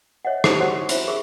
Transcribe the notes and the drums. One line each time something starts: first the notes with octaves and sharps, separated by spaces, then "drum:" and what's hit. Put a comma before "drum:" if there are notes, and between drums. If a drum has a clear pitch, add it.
C#5 D#5 E5 F#5
D#4 E4 G4 C5 A#5 D#6, drum: rim click
F#4 A4 C5 C#5 F#5
E4 C5 E5 B5, drum: hi-hat
G#4 A#4 E5 C#6